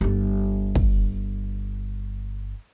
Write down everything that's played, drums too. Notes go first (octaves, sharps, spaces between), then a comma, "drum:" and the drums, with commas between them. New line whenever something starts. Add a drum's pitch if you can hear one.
G1 G3
drum: kick